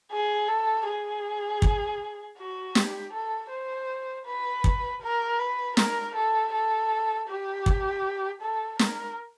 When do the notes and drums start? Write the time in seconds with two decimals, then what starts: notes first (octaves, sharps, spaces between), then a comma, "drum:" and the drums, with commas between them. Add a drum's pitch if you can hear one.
0.12 G#4
0.48 A4
0.87 G#4
1.62 drum: kick
2.38 F#4
2.75 G4, drum: snare
3.13 A4
3.50 C5
4.26 B4
4.64 drum: kick
5.02 A#4
5.39 B4
5.77 A#4, drum: snare
6.16 A4
6.53 A4
7.29 G4
7.66 drum: kick
8.42 A4
8.79 A#4, drum: snare